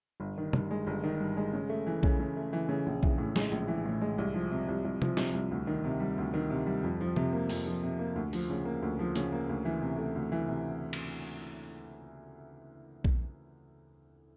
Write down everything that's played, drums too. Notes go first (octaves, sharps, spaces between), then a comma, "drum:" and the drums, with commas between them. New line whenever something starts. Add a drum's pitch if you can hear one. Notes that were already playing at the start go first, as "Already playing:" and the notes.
G1
D#3
G2, drum: tom
G#3
G1
D#3
G2
G#3
C#3
A3
E3
C#3, drum: kick A#1
C#3
A3
E3
C#3
A#1
E3, drum: kick A#1
A2
G#3, drum: snare
A#1
E3
A2
G#3
C2
F3
C3
C2
C2
F3, drum: tom
C3, drum: snare
C2
D2
D#3
C3
G3
D2
D#3
C3
G3
F2
F3
C3, drum: tom
A#3
F2, drum: open hi-hat
F3
C3
A#3
D2
F3, drum: open hi-hat
C#3
A#3
D2
F3
C#3, drum: hi-hat
A#3
D2
E3
C3
A3
D2
E3
C3
drum: cymbal
drum: kick A#1